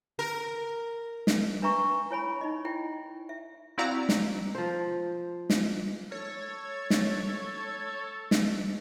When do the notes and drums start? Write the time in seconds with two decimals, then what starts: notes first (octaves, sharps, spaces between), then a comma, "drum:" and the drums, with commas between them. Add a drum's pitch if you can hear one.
0.19 A#4
1.27 drum: snare
1.62 D4 B4 E5 A#5 C#6
2.11 E4 C#5 G#5 B5
2.41 D#4 D#5
2.65 E4 G5
3.29 E5
3.78 C4 E4 F#4 D5 F5 A#5
4.09 drum: snare
4.55 F3 C5
5.50 drum: snare
6.12 A4 C#5
6.90 drum: snare
8.31 drum: snare